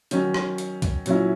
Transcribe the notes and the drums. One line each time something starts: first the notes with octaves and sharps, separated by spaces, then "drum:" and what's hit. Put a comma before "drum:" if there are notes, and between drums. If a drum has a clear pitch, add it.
D#3 F#3 C#4, drum: hi-hat
drum: rim click
drum: hi-hat
drum: kick, hi-hat
A#2 F#3 C#4 E4, drum: hi-hat